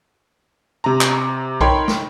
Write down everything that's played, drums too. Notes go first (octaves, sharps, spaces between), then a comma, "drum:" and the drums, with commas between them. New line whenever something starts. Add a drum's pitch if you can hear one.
C3 A#5
drum: clap
D#4 A#4 C#5 G5 B5 C6, drum: kick B1
drum: snare